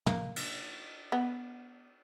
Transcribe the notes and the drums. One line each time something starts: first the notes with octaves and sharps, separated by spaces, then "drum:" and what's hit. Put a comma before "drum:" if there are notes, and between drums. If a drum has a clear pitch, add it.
A#3, drum: tom
drum: cymbal
B3